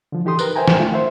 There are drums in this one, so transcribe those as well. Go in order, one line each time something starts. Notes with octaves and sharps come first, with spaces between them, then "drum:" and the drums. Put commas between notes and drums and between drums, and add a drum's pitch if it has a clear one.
D3 F3
E3 D#4 G4 A4 C6 D#6
A#4 B4 F#6, drum: tambourine
A#4 C5 E5 G5 G#5 A#5
drum: snare
A3 F4
C5 E5 F#5